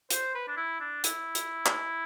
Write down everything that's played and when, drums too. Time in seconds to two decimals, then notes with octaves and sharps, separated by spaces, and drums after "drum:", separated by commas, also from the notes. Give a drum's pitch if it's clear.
0.10 C5, drum: hi-hat
0.35 B4
0.48 D4
0.57 E4
0.80 D4
1.04 E4, drum: hi-hat
1.35 drum: hi-hat
1.66 drum: clap